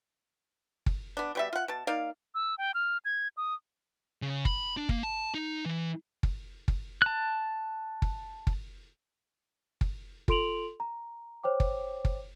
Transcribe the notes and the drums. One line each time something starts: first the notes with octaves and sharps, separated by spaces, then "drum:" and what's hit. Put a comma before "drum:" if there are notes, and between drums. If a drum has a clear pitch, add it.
drum: kick
B3 D4
B2 G3 E5
F4 F#5
B2 A5
A#3 D#4 D5 F5
E6
G5
F6
G#6
D#6
C#3
B5, drum: kick
D4
A#3, drum: kick
A5
D#4
E3
drum: kick
drum: kick
A5 F#6
drum: kick
drum: kick
drum: kick
F4 A4 C6 D7 F7 F#7, drum: kick
A#5
C5 C#5 G5 D6
drum: kick
drum: kick